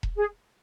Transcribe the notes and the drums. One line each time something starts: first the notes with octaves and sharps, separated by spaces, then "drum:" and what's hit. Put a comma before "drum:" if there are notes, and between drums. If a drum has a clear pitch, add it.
drum: kick E1
G#4